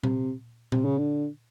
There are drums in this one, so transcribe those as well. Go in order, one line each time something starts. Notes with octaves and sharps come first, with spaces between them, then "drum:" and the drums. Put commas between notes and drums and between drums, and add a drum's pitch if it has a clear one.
C3, drum: tom A#2
C3, drum: tom A#2
C#3
D3